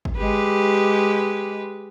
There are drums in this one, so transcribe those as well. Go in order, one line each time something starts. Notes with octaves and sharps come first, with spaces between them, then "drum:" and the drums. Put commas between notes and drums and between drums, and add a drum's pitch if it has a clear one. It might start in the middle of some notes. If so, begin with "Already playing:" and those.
drum: kick
G#3 G4 B4